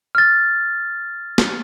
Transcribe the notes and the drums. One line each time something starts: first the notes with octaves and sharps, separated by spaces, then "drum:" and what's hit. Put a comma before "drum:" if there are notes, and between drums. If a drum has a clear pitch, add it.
F6 A6
drum: snare